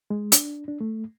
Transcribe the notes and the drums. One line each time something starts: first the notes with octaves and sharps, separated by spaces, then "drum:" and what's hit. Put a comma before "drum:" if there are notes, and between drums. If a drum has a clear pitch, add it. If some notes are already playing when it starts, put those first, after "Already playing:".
G#3
D4, drum: hi-hat
D4
A3